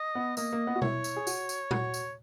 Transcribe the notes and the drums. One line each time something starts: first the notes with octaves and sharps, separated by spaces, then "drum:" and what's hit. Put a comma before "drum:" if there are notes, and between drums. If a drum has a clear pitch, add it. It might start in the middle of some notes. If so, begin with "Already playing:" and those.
Already playing: D#5
B3
A#3 D#5, drum: tambourine
A#3
B3
F#4
E4 C#5, drum: tom B2
drum: tambourine
G#4
F#4, drum: tambourine
drum: tambourine
F#4 C#5, drum: tom A#2
drum: tambourine